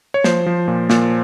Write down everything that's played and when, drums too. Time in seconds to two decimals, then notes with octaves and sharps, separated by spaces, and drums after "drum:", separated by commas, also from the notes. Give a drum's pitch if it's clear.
0.14 C#5
0.24 F3 C5, drum: snare
0.46 F3
0.68 A#2
0.90 A#2, drum: snare